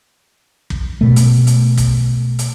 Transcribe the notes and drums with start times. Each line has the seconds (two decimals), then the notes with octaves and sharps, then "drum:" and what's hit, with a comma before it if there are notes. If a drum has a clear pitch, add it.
0.70 drum: kick
1.01 B2 A3
1.16 drum: hi-hat
1.47 drum: hi-hat
1.77 drum: kick, hi-hat
2.39 drum: hi-hat